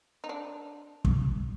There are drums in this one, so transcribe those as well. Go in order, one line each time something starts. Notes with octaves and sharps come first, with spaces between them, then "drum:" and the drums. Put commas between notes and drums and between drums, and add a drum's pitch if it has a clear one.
D#4
D4
drum: kick